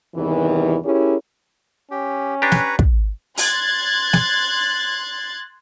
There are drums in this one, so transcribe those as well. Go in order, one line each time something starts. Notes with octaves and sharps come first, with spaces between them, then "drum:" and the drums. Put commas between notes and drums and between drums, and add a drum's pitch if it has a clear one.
E2 G2 C3 D#3 E3
C#4 E4 G4 G#4 A#4 C#5
C#4 G4
D4 G4 B4 C#5 A#5
drum: snare
drum: kick
C6 F#6 G#6 A6, drum: open hi-hat
drum: snare